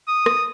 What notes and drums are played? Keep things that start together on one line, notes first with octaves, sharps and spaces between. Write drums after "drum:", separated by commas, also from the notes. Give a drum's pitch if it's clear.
D#6
drum: rim click